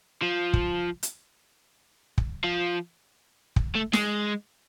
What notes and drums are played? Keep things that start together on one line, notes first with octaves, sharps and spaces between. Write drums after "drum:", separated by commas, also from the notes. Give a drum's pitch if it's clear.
F3
drum: kick
drum: hi-hat
drum: kick
F3
drum: kick
A3
G#3, drum: snare